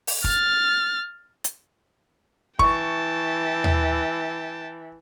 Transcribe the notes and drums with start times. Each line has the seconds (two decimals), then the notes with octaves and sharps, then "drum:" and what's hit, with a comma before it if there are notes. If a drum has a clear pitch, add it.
0.07 drum: open hi-hat
0.24 F6 A6, drum: kick
1.44 drum: hi-hat
2.59 E3 G5 A5 C#6, drum: kick
3.64 drum: tom D#2